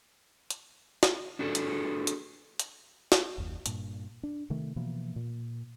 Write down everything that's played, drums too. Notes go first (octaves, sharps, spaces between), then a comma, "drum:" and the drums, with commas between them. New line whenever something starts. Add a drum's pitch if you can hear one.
drum: hi-hat
drum: snare
D4 F#4 G#4 A4
drum: hi-hat
drum: hi-hat
drum: hi-hat
drum: snare
F#1 D#2
G2 A#2, drum: hi-hat
D4
C3 D#3 A3
B2 E3 F3 A#3
A#2